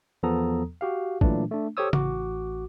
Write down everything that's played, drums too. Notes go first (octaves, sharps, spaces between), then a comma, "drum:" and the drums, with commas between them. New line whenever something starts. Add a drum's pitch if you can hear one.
E2 F3 B3 A4 A#5 D#6
F#4 G4 F5
A#2 E3 F#3 A3 D4, drum: kick
A3 D4
G4 A4 C5 C#5 D#6 E6
A1 F#4 D6, drum: tom C#3